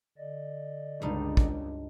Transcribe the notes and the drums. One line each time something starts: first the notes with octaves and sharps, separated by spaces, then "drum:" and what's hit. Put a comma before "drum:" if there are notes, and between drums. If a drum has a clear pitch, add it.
D3 D5 D#5
C#2 G2 D#4
drum: kick